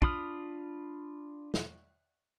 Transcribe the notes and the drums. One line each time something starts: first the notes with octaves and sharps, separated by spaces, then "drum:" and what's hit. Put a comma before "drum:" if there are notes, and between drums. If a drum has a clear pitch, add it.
D4 F4 B5 D#6 F6, drum: kick
drum: snare